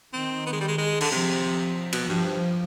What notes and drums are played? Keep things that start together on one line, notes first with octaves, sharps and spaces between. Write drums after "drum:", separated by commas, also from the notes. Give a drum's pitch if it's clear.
D#3 C4
B3
G#3
G3
G#3
G#3
D3, drum: cymbal
C3 F3
B2, drum: cymbal
G2 F3